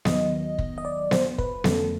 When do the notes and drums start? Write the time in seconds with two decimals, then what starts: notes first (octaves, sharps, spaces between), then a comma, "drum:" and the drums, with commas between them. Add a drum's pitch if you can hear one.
0.05 D#2 D#3 F#3 B3 D#5, drum: snare B3
0.58 drum: kick
0.78 D#5
0.85 D5
1.11 C5, drum: snare B3
1.38 B4, drum: kick
1.64 F2 D3 F3 A3 C#4 A4, drum: snare B3